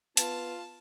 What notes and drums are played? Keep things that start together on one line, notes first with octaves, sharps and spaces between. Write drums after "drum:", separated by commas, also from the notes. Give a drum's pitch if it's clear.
B3 F4 A5, drum: hi-hat